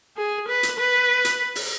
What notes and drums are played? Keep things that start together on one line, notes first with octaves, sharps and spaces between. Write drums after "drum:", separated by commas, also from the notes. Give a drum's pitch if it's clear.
G#4
B4
drum: hi-hat
B4
drum: hi-hat
drum: open hi-hat